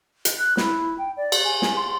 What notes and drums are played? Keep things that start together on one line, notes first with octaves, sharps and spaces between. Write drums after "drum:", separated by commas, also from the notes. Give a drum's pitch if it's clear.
drum: hi-hat
F#6
E4, drum: snare
G5
D5
drum: cymbal
G#5
drum: snare
C6